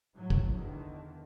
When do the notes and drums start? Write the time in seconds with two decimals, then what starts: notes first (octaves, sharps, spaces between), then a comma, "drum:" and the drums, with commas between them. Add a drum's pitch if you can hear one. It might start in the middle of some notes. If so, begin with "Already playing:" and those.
0.15 A2 F#3
0.30 drum: kick
0.53 E2 D3 D#3